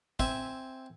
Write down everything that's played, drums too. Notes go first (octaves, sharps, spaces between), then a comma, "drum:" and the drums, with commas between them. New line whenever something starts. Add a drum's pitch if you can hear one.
C4 E5 G#5, drum: kick